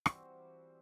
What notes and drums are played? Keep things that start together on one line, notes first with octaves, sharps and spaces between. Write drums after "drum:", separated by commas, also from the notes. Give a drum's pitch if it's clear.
E3 G3 C4 E4 F#4, drum: rim click